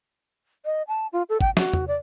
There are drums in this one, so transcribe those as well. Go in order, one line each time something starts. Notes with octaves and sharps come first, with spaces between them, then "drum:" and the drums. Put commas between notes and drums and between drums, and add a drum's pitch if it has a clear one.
D#5
A5
F4
A4
G5, drum: kick
F#4, drum: snare
drum: tom E2
D5